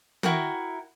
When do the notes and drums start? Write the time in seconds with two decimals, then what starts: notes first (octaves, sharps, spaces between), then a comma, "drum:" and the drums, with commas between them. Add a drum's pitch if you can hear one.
0.23 E4 F#4 A#4 G5, drum: tom